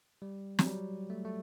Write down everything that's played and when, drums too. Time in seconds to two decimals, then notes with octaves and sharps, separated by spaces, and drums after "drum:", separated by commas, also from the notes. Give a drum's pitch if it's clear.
0.22 G3
0.59 F#3, drum: snare
0.66 G3
1.10 A3
1.25 A3